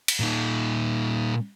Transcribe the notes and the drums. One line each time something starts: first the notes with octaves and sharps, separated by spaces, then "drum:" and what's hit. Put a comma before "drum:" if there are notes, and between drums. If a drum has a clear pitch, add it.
drum: cymbal
A#2 D#4